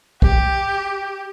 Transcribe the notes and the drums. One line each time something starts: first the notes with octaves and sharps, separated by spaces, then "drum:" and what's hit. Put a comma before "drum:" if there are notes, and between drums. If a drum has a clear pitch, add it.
G4, drum: kick B1